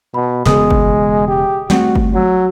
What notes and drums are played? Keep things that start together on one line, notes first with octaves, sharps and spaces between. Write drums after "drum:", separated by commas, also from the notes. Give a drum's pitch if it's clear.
B2 B5
E1 C#3 G#3 B3 G#4 D#6, drum: snare
drum: kick G1
G4
G3 A3 C4 F#4, drum: snare
drum: kick G1
F#3 F#4 E6